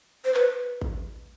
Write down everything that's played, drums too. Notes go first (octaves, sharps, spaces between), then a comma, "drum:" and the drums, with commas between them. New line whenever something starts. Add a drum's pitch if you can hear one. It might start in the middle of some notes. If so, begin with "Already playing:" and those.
C5
B4, drum: clap
drum: kick A1